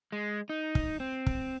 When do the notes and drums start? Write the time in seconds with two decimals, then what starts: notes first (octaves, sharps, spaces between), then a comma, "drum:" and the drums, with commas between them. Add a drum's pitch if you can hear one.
0.12 G#3
0.49 D#4
0.75 drum: kick
1.00 C4
1.26 drum: kick